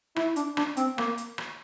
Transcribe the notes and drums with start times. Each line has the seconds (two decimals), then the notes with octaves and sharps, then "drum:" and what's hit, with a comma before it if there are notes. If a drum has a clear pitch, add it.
0.16 E4, drum: rim click
0.36 D4, drum: hi-hat
0.57 D4, drum: rim click
0.77 C4, drum: hi-hat
0.98 A#3, drum: rim click
1.18 drum: hi-hat
1.38 drum: rim click